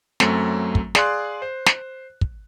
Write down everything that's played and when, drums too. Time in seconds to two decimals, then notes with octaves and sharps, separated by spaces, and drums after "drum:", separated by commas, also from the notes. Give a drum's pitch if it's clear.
0.20 F#2 F#3 A3 C4, drum: snare
0.75 drum: kick
0.95 G#4 D5 F5 C6 F#6, drum: snare
1.42 C5
1.66 drum: snare
2.21 drum: kick